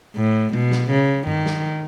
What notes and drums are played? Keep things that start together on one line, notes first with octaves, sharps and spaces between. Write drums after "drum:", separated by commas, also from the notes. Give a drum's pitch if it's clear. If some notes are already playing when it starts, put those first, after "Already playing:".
A2
B2, drum: tom G#3
drum: snare
C#3
D#3, drum: tom G2
drum: snare